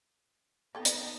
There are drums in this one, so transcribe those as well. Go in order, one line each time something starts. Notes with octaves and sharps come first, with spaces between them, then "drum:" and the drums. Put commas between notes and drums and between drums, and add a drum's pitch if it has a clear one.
A#3 B3 D#4 A4 G5
drum: hi-hat